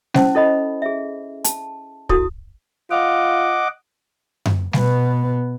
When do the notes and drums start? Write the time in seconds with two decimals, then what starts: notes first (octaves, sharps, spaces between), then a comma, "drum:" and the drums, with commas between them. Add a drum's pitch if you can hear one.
0.14 C#4 E4 C5 A5, drum: snare
0.35 E4 A4 D#5 B5
0.82 G#4 E5
1.44 A5, drum: hi-hat
2.09 E4 F#4 A4 D#6, drum: kick
2.91 F4 D#5 F#5 D6
4.46 drum: tom F#2
4.73 B2 B3, drum: snare